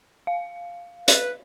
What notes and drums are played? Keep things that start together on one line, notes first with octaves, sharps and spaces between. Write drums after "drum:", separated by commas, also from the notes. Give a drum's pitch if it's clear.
F5
B4, drum: hi-hat